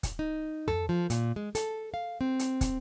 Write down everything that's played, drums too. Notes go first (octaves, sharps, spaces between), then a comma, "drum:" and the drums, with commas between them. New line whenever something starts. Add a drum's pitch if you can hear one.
drum: kick, hi-hat
D#4
A4, drum: tom F2
F3
A#2, drum: hi-hat
G#3
A4, drum: hi-hat
F5
C4
drum: hi-hat
drum: kick, hi-hat